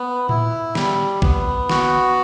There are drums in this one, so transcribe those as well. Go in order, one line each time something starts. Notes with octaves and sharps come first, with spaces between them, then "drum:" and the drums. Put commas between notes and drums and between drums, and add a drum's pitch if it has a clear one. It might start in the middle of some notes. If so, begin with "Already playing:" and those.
Already playing: B3
E4, drum: tom A2
G3, drum: snare
B3, drum: kick A1
F#4, drum: snare